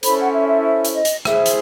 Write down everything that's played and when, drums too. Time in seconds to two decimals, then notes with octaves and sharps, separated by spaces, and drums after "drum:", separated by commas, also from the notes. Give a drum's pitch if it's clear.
0.03 C#4 E4 A4 C5 B5, drum: hi-hat
0.19 F#5
0.34 E5
0.49 E5
0.65 E5
0.85 drum: hi-hat
0.95 D#5
1.05 drum: hi-hat
1.25 E4 G#4 C5 E5, drum: rim click
1.46 drum: hi-hat